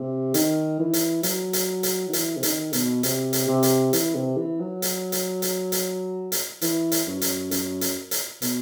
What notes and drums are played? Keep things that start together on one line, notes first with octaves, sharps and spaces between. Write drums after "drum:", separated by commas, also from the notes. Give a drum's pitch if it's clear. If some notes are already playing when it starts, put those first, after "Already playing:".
Already playing: C3
D#3, drum: hi-hat
E3
drum: hi-hat
F#3, drum: hi-hat
drum: hi-hat
drum: hi-hat
D#3
E3, drum: hi-hat
C3
D#3, drum: hi-hat
B2, drum: hi-hat
C3, drum: hi-hat
drum: hi-hat
C3
drum: hi-hat
E3, drum: hi-hat
C3
E3
F#3
drum: hi-hat
drum: hi-hat
drum: hi-hat
drum: hi-hat
drum: hi-hat
E3, drum: hi-hat
drum: hi-hat
F#2
drum: hi-hat
F#2, drum: hi-hat
drum: hi-hat
drum: hi-hat
B2, drum: hi-hat